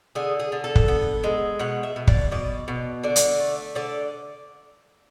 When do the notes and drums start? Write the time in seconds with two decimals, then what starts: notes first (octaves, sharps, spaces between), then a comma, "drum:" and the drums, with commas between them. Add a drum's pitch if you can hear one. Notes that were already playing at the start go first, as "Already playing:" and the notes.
0.15 D3 G#4
0.40 G#4
0.52 D3
0.64 A4
0.75 drum: kick
0.88 B3
1.24 G#3
1.59 B2 F#5
1.83 E5
1.96 B2
2.07 D5, drum: kick
2.32 B2 D5
2.68 B2
3.04 D3 D5
3.16 drum: hi-hat
3.39 A3
3.75 D3 D5